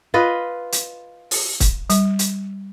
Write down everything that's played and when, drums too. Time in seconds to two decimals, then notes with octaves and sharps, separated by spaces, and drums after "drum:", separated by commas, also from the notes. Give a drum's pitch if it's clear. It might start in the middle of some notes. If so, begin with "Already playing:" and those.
0.14 F4 B4 D#5
0.72 drum: hi-hat
1.31 drum: open hi-hat
1.60 drum: kick, hi-hat
1.90 G3, drum: hi-hat
2.19 drum: hi-hat